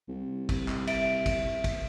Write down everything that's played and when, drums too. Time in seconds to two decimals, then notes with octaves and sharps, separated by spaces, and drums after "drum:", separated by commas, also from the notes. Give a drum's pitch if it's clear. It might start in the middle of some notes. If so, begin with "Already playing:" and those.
0.09 C2
0.49 drum: kick, cymbal
0.68 drum: clap
0.87 E5 D7, drum: cymbal
1.26 drum: kick, cymbal
1.64 drum: kick, cymbal